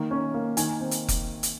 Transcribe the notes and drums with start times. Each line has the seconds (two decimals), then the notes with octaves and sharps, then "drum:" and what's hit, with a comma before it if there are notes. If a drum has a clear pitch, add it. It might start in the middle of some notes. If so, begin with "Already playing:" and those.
Already playing: D#3 A#3
0.11 C#4
0.34 A#3
0.57 D#3 G#5, drum: hi-hat
0.80 C4
0.91 drum: hi-hat
1.09 drum: kick F1, hi-hat
1.43 drum: hi-hat